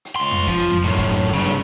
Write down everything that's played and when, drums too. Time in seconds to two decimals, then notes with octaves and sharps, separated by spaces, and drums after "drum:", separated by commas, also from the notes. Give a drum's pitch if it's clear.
0.05 drum: hi-hat
0.16 C#2 C6
0.31 drum: tom F2
0.47 F3, drum: kick, hi-hat
0.58 drum: hi-hat
0.71 drum: tom F2
0.84 F#2 A2
0.98 drum: kick, hi-hat
1.11 drum: hi-hat
1.33 G2 C#3